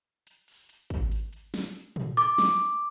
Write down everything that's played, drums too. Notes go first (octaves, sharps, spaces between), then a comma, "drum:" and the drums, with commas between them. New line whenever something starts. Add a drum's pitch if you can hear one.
drum: hi-hat
drum: open hi-hat
drum: hi-hat
drum: kick, hi-hat
drum: hi-hat
drum: hi-hat
drum: snare
drum: hi-hat
drum: tom
D6, drum: hi-hat
drum: snare
drum: hi-hat